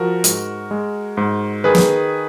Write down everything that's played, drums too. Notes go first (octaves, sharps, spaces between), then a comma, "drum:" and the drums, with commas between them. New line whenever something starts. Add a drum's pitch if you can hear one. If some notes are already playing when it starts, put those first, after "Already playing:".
Already playing: F3 F#4 A#4
G#2, drum: hi-hat
G#3
G#2
D#3 G#4 B4
drum: snare